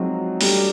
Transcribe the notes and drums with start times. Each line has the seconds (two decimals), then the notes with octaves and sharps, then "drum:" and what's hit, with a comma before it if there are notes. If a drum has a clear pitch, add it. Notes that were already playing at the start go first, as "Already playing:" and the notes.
Already playing: F3 F#3 G#3 C4 D#4 F#4
0.41 G3 A3 D4 G4, drum: open hi-hat